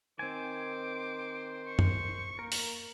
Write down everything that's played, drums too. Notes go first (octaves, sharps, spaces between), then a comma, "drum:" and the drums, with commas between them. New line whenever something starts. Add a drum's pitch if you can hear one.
D#3 C4 C5 G#5 D6
C#6
drum: tom
A#3 A#4
drum: open hi-hat